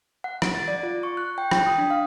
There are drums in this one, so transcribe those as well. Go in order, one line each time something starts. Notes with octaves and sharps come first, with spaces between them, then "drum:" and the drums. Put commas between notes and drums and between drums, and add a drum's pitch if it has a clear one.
F#5
D7, drum: rim click
A6
D5
F4
C#6
F#6
G5
G5, drum: rim click
D#6
D4
F5